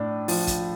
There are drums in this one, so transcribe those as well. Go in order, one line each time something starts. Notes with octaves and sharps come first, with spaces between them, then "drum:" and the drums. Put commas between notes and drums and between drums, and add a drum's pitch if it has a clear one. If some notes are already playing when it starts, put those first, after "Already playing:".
Already playing: A2 D4
F3, drum: open hi-hat
drum: kick, hi-hat